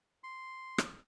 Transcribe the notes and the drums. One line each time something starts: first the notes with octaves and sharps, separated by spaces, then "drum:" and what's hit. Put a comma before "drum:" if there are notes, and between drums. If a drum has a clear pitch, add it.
C6
drum: rim click